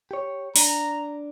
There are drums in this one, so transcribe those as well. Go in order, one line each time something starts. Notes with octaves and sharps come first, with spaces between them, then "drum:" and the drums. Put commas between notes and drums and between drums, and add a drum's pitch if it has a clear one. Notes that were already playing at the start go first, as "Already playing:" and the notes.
G4 C#5
D4 A#5, drum: open hi-hat